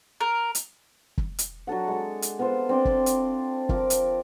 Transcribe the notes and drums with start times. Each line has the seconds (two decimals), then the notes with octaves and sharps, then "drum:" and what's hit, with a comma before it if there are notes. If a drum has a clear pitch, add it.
0.21 A#4
0.55 drum: hi-hat
1.18 drum: kick
1.39 drum: hi-hat
1.67 F#3 D4 A4 F#5
1.88 G#3 A4
2.22 drum: hi-hat
2.39 B3 F4 A4 C5
2.69 C4 D4 D5 G5
2.85 drum: kick
3.06 drum: hi-hat
3.69 F3 A#4 D6, drum: kick
3.90 drum: hi-hat